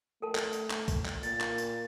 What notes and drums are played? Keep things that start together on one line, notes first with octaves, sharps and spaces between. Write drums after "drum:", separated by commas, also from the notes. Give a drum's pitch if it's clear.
A3 A4 A#4 A5
drum: clap
drum: tambourine
drum: clap
drum: kick C2, tambourine
drum: clap
A#2 A6, drum: tambourine
drum: clap
drum: tambourine